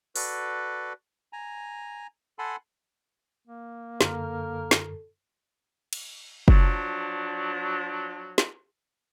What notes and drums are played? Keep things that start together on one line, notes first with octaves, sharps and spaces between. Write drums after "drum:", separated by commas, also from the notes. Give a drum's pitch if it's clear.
F#4 A4 B4 D5, drum: open hi-hat
G#5 A#5
A4 F#5 G#5 A5 B5 C6
A#3
F#2 D3 A4 A#4, drum: snare
drum: snare
drum: cymbal
F3 F#3 D4, drum: kick
drum: snare